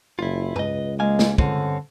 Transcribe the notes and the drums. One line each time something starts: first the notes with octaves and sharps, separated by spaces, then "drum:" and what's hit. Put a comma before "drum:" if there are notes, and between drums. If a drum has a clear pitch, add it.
F#1 E4 F4
C#2 B4 D#5, drum: tom
G#3 A#3 F5 G#5
drum: snare
G2 D3 C4 C#4, drum: kick